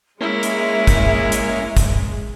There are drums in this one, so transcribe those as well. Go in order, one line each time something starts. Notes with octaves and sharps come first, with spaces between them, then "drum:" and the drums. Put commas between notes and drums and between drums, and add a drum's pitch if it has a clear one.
G#3 A#3 C#4 E4 E5
drum: hi-hat
drum: kick, hi-hat
drum: hi-hat
drum: kick, hi-hat